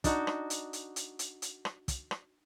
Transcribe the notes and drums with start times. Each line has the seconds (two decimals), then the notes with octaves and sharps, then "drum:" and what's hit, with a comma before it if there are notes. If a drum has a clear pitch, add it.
0.04 D4 D#4 F#4, drum: kick, hi-hat
0.27 drum: rim click
0.50 drum: hi-hat
0.73 drum: hi-hat
0.96 drum: hi-hat
1.19 drum: hi-hat
1.42 drum: hi-hat
1.65 drum: rim click
1.88 drum: kick, hi-hat
2.11 drum: rim click